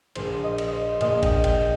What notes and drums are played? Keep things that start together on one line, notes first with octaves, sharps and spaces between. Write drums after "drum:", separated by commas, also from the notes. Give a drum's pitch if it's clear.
A#1 A#2 C5, drum: cymbal
D#5
drum: cymbal
C5
A#1 A#2 D#5, drum: cymbal
G5, drum: kick A1, cymbal
G5, drum: cymbal